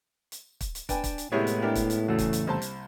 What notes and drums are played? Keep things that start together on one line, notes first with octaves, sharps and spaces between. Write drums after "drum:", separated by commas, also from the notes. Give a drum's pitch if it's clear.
drum: hi-hat
drum: kick, hi-hat
drum: hi-hat
D4 B4 G5 G#5, drum: kick, hi-hat
drum: kick, hi-hat
drum: hi-hat
A2 C3 G#3 B3 E4 G#4 C#5
drum: hi-hat
D4 G4 A#4
drum: kick, hi-hat
drum: hi-hat
E2 C#3 A3 F#4
drum: kick, hi-hat
drum: hi-hat
C2 C5 A5
drum: hi-hat